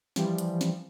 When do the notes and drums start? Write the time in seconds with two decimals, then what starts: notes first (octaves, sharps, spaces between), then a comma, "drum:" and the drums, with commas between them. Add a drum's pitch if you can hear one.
0.16 E3 F3 G3, drum: snare
0.38 drum: hi-hat
0.61 drum: snare